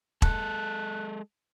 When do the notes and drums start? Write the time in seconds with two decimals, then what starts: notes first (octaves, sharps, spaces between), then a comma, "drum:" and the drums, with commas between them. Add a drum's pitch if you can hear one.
0.22 G#3 A4 F#6, drum: kick E1